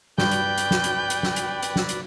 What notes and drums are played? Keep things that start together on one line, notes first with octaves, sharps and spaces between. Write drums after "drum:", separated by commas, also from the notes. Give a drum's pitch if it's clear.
G2 B4 D5 G5 G6, drum: snare
drum: hi-hat
drum: hi-hat
drum: snare
drum: hi-hat
drum: hi-hat
drum: snare
drum: hi-hat
drum: hi-hat
drum: snare
drum: hi-hat